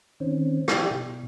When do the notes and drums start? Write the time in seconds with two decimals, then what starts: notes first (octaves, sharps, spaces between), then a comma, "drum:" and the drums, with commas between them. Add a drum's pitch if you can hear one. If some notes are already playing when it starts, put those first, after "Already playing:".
0.20 D#3 C4 C#4
0.68 E4 G4 D5 G5, drum: rim click
0.91 B2